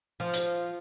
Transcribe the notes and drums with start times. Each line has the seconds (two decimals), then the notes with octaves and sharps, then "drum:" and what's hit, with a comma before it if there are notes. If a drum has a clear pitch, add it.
0.20 F3
0.34 drum: hi-hat